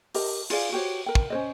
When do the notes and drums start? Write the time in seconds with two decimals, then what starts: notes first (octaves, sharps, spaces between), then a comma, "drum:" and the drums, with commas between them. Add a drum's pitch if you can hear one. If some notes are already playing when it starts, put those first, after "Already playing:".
0.15 G4 A#4 D#5, drum: open hi-hat
0.50 F4 G#4 D5 F5, drum: cymbal
0.72 F#4 G4 C5 C#5
1.06 A#4 G5
1.15 drum: kick
1.30 C#4 C5 D#5